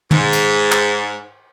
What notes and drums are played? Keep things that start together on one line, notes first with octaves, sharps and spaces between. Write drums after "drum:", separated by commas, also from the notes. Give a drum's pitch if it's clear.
G#2, drum: tom
drum: cymbal
drum: clap